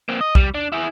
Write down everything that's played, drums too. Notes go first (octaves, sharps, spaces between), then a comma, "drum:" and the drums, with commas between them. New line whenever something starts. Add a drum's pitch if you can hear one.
A#3 C4
D#5
G3, drum: kick B1
D4
E4 G#4